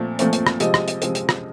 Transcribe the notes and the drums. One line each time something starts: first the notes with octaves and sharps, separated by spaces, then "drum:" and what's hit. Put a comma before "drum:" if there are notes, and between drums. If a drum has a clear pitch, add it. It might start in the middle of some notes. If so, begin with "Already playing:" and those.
Already playing: A#2 F3 A3 C4
A#2 F3 A3 C4, drum: hi-hat
drum: hi-hat
drum: rim click
C3 F3 G#3 C4 D#5, drum: hi-hat
drum: rim click
drum: hi-hat
C3 F3 G#3 C4, drum: hi-hat
drum: hi-hat
drum: rim click